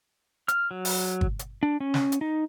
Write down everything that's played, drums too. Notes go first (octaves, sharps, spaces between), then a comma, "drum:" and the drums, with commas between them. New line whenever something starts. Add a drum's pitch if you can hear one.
F6, drum: hi-hat
F#3
drum: open hi-hat
drum: kick G1
drum: hi-hat
D4
C#4
drum: snare
drum: hi-hat
D#4